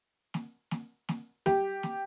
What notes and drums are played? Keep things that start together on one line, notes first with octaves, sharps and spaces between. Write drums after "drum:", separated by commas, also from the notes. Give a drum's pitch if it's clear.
drum: snare
drum: snare
drum: snare
G4, drum: snare
drum: snare